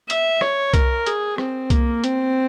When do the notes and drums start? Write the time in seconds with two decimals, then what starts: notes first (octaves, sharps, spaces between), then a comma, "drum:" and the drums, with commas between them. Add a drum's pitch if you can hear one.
0.10 E5, drum: hi-hat
0.41 C#5, drum: rim click
0.74 A#4, drum: kick C2, hi-hat
1.07 G#4, drum: hi-hat
1.38 C4, drum: rim click
1.70 A#3, drum: kick C2, hi-hat
2.04 C4, drum: hi-hat